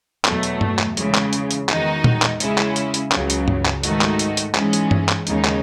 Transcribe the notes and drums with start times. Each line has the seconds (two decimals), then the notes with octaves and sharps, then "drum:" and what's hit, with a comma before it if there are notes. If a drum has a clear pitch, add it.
0.25 E2 B2 F#3 A3, drum: clap
0.43 drum: hi-hat
0.61 drum: tom G2
0.79 drum: clap
0.97 C#3 E3 G#3, drum: hi-hat
1.15 drum: clap
1.33 drum: hi-hat
1.51 drum: hi-hat
1.69 E2 D#3 G#3 D#4 F#4, drum: clap
2.04 drum: tom A#2
2.22 drum: clap
2.40 C#3 G#3 C#4 E4, drum: hi-hat
2.58 drum: clap
2.76 drum: hi-hat
2.94 drum: hi-hat
3.12 C#2 C#3 F#3, drum: clap
3.30 drum: hi-hat
3.48 drum: tom G2
3.66 drum: clap
3.83 G#2 D#3 A3 D#4 F#4, drum: hi-hat
4.01 drum: clap
4.19 drum: hi-hat
4.37 drum: hi-hat
4.55 G#2 E3 G#3 C#4, drum: clap
4.73 drum: hi-hat
4.91 drum: tom G2
5.09 drum: clap
5.27 D#2 C#3 G#3 D#4, drum: hi-hat
5.45 drum: clap